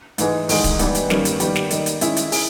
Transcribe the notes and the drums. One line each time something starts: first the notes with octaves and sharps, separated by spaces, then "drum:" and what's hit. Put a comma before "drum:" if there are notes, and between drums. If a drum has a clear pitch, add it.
G#2 E3 G#3, drum: hi-hat
E2 D#3 G#3, drum: open hi-hat
drum: kick D1, hi-hat
G#2 E3 G3 B3, drum: hi-hat
drum: hi-hat
G2 D#3 G3 A#3 C#4, drum: snare
drum: hi-hat
D#3 G3 B3 G4, drum: hi-hat
drum: snare
D#3 G3 A#3 D#4, drum: hi-hat
drum: hi-hat
D#3 G#3 C#4 E4 G#4, drum: hi-hat
drum: hi-hat
E4 G#4, drum: open hi-hat